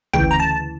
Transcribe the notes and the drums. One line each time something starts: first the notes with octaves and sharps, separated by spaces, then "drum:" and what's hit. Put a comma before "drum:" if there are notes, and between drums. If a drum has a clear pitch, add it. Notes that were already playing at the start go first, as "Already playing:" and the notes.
D2 C#3 E3 G5, drum: kick
A#5
A5